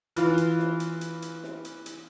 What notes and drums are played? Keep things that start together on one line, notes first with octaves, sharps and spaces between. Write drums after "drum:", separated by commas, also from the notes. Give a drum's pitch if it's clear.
E3 F4, drum: hi-hat
drum: hi-hat
drum: snare
drum: hi-hat
drum: hi-hat
drum: hi-hat
drum: snare
drum: hi-hat
drum: hi-hat